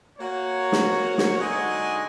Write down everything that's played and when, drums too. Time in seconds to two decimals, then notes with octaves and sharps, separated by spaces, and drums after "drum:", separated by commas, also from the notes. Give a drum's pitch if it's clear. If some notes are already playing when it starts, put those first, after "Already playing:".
0.19 A#3 F#4 C#5
0.72 drum: snare
1.18 drum: snare
1.41 D3 G#3 D#4 F#4 D#5 G#5